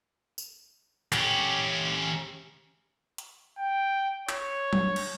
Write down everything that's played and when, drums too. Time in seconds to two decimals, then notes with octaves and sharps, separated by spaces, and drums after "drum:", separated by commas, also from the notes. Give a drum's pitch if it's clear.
0.38 drum: tambourine
1.12 C#4 G4, drum: clap
3.18 drum: hi-hat
3.58 G5
4.29 C#5, drum: clap
4.73 drum: tom F#3
4.96 drum: cymbal